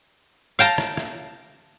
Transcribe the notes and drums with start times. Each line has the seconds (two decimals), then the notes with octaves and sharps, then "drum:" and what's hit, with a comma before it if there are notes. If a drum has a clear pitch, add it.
0.59 F5 G5 A5 A#5
0.78 drum: rim click
0.97 drum: rim click